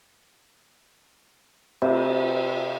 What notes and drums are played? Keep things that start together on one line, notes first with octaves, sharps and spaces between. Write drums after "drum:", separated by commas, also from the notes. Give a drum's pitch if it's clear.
C3, drum: cymbal